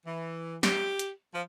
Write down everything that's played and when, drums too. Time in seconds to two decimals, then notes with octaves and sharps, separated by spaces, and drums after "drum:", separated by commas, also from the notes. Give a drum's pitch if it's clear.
0.05 E3
0.63 G4, drum: snare
0.99 drum: hi-hat
1.34 F3